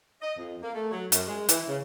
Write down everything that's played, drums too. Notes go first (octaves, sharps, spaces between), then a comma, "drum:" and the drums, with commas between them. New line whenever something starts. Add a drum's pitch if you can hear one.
D#5
F2
A#3
A3
F#3
F#2, drum: hi-hat
G#3
E3, drum: hi-hat
C#3